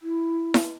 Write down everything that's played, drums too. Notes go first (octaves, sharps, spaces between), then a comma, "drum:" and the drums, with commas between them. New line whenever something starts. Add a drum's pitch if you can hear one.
E4
drum: snare E4